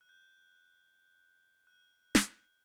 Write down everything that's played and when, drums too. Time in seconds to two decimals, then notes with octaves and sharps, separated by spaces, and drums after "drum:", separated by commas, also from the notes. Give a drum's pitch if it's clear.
0.01 F#6
0.09 G6
1.67 F#6
2.15 drum: snare